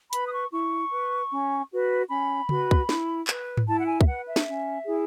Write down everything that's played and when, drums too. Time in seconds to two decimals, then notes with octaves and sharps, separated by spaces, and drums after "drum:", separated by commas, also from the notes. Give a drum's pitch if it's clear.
0.13 B4 B5, drum: hi-hat
0.27 D#6
0.33 C#6
0.52 E4 C#6
0.91 B4
1.31 C#4
1.70 F#4 B4
2.10 C#4 B5
2.49 F#4 B4, drum: tom C#3
2.71 drum: kick
2.89 E4, drum: snare
3.27 B4, drum: clap
3.57 drum: tom G#2
3.67 E4 A5
3.79 F#5
3.86 G#5
4.01 E5, drum: kick
4.06 B4 F#5
4.26 E5
4.36 drum: snare
4.46 C#4
4.85 E4 G#4